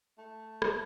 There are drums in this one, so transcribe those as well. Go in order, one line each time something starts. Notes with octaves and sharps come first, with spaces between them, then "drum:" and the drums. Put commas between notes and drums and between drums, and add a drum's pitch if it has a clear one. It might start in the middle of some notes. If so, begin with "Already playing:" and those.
A3
drum: rim click